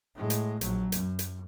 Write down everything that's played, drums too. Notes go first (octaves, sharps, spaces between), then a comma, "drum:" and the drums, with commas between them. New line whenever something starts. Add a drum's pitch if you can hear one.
A2 G#3
drum: hi-hat
A#1 F#3, drum: hi-hat
F#2, drum: hi-hat
drum: hi-hat